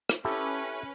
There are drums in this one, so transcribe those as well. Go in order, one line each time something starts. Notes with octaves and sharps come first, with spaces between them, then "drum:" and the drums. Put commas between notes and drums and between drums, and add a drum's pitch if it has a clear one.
drum: rim click
C#4 E4 G4 A4 B4